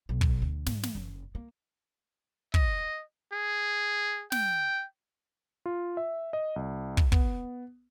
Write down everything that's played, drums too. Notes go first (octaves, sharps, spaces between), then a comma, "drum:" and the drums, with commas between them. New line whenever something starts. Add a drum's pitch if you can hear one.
B1
drum: kick
D2
G#2, drum: snare
drum: snare
F#1
A#3
D#5, drum: kick
G#4
G5, drum: snare
F4
E5
D#5
C2
drum: kick
B3, drum: kick